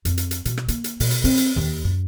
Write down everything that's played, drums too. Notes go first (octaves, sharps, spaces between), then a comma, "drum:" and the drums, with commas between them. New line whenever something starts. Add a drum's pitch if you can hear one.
F2, drum: hi-hat
drum: hi-hat
drum: hi-hat
B2, drum: hi-hat
drum: rim click
A#3, drum: hi-hat
drum: hi-hat
B2, drum: open hi-hat
drum: hi-hat
C4, drum: open hi-hat
drum: hi-hat
D#2
F#2